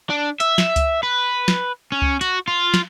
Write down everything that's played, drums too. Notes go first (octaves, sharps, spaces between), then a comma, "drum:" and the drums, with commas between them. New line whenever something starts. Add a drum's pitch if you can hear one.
D4
E5, drum: hi-hat
drum: snare
drum: kick C#2, hi-hat
B4
drum: snare
C#4
drum: kick C#2
F#4, drum: hi-hat
F4
drum: snare